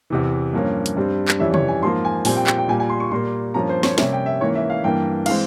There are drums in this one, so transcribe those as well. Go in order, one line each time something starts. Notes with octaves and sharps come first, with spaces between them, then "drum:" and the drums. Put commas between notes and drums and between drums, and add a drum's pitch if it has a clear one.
E2 C3 E3
G2 F3 A#3 C#4
drum: hi-hat
G2 G3 C4
drum: clap
F2 E3 G3 C#4 E5
C#5, drum: tom
G#5
G#2 F3 A#3 C6
G#5
A#2 G3 C4 G#5, drum: open hi-hat
G5
G5, drum: clap
G5
A#2 G3 A#3 G#5
G#5
C6
C#6
A#2 G3 A#3 C6
G2 F3 A#3 C#4 A#5
C5
C#5, drum: snare
C3 G3 A#3 C#4 E5, drum: snare
G5
E5
G#2 E3 A#3 C#4 C#5
E5
F5
G2 E3 A#3 G5
E3 G#3 C4 F5, drum: cymbal